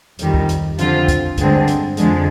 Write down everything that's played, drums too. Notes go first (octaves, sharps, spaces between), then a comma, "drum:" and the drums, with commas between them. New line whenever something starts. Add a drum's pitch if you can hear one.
F2 D#3 G3, drum: hi-hat
drum: kick
drum: hi-hat
F2 D3 F3 C4 F4, drum: hi-hat
drum: kick, hi-hat
G2 D3 G#3 C4, drum: kick, hi-hat
drum: hi-hat
F2 D3 F3 G#3, drum: hi-hat